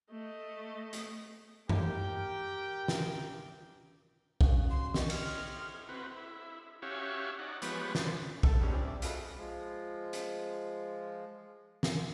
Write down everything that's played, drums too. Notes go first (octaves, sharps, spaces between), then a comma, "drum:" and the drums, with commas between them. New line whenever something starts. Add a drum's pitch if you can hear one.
A3 D#5
drum: hi-hat
G4 A#4 G5, drum: tom F#2
drum: snare
C#4 F#4 F5, drum: kick A#1
C6
D5 D#5 G5 C#6, drum: snare
F6, drum: cymbal
C4 F#4 B4
E4
C#4 F#4 G4 C#5 E5 F5
D#4 D5 F#5
F3 G#3 B3 G4 B4 C#5, drum: hi-hat
C5 D5, drum: snare
A4 A5, drum: kick A#1
D3 D#3 G3 G#3 C4 C#4
F3 C4 D4 G#4
D5 E5
F4 F#4 G#4 A4 B4 D#5, drum: hi-hat
F3 G#3
drum: hi-hat
drum: snare